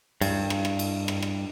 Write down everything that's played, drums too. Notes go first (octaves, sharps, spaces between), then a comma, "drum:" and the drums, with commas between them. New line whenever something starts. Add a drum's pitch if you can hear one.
G2, drum: cymbal
drum: rim click
drum: rim click
drum: cymbal
drum: rim click
drum: rim click